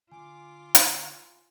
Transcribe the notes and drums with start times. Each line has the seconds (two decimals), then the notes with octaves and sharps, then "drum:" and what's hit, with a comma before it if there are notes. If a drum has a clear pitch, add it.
0.12 D3 F4 G#5 D6
0.75 drum: hi-hat